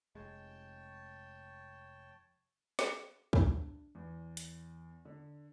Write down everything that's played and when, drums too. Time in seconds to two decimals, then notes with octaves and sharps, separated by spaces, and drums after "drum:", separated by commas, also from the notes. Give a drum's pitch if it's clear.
0.15 F1 G#3 C#5 G5 A5
2.79 drum: snare
3.33 D4, drum: kick
3.95 E2
4.37 drum: hi-hat
5.05 D3